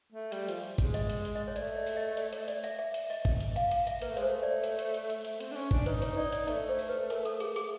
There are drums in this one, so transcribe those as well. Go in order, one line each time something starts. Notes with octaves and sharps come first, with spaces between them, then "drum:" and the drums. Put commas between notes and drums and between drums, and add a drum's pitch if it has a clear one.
A3
G3, drum: hi-hat
F3, drum: hi-hat
drum: open hi-hat
G#3, drum: kick G#1, hi-hat
D#5, drum: hi-hat
drum: hi-hat
drum: hi-hat
D#5
C#5
A3 D5, drum: hi-hat
D5
drum: open hi-hat
D#5
D5, drum: hi-hat
C#5, drum: hi-hat
D5, drum: hi-hat
E5, drum: hi-hat
E5
drum: hi-hat
D#5, drum: open hi-hat
drum: kick G#1
drum: hi-hat
F5, drum: hi-hat
F5, drum: hi-hat
E5, drum: hi-hat
A#3 B4, drum: hi-hat
A3
G#3 C#5, drum: hi-hat
C5
A3
D5
C#5, drum: hi-hat
drum: hi-hat
drum: hi-hat
drum: hi-hat
A3, drum: hi-hat
C4, drum: hi-hat
D4
C#4, drum: open hi-hat
D4, drum: kick G#1
D#4 B4, drum: hi-hat
C#5, drum: hi-hat
D#4 D5
D5, drum: hi-hat
A3 D5, drum: hi-hat
C5
drum: open hi-hat
B4
A#4, drum: hi-hat
A4, drum: hi-hat
G#4, drum: hi-hat
G#4, drum: hi-hat